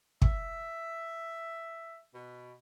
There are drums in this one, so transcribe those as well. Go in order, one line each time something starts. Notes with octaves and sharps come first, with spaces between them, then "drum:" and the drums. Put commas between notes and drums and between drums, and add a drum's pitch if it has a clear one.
E5, drum: kick
B2